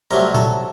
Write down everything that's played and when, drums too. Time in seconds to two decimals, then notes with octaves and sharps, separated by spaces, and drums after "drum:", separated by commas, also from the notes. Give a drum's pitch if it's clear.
0.11 C2 C3 F#3 A3 A#4
0.35 A4, drum: tom A#2